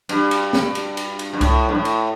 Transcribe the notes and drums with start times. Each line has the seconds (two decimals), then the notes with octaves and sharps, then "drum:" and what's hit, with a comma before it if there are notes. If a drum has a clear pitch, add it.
0.09 G2, drum: cymbal
0.31 drum: cymbal
0.53 drum: snare
0.75 drum: cymbal
0.97 drum: cymbal
1.19 drum: cymbal
1.33 G2
1.41 A2, drum: kick C2, cymbal
1.69 G2
1.75 A2
1.85 drum: cymbal